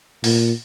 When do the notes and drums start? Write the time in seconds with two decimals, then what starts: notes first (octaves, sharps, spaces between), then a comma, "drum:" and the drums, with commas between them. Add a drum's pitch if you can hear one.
0.24 A#2, drum: open hi-hat